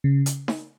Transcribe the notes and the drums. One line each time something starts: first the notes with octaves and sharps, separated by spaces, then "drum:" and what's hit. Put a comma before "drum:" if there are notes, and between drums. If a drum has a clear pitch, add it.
C#3
drum: hi-hat
drum: snare D#4